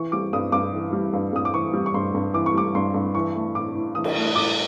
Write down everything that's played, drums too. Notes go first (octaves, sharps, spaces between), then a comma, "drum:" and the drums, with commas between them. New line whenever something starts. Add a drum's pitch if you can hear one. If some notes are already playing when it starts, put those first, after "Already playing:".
Already playing: E3 C#6
G3 D6
G2 D#6
G2 D6
E3
G3
G2
G2 D#6
D6
E3 C#6
G3
C#6
G2 C6
G2
E3 D6
C#6
G3 D6
G2 C6
G2
E3 C#6
A3
A2 D6
A2
E3 D#6
drum: cymbal
A3
A2 D6